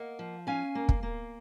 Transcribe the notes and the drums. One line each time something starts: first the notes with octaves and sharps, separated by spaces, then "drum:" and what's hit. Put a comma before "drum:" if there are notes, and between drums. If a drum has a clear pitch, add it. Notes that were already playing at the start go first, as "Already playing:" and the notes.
Already playing: A#3 D#5 F#5
F3
C#4 F5 G#5
A#3
drum: kick
A#3